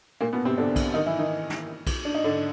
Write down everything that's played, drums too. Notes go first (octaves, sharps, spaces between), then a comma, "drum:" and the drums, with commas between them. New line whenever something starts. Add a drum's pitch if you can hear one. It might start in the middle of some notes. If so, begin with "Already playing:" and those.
A#2 A#3
B2 B3
C3 C4
D3 D4
drum: kick B1, cymbal
D#3 D#4
E3 E4
D#3 D#4
drum: snare
drum: kick B1, cymbal
D4
D#4
D3 D4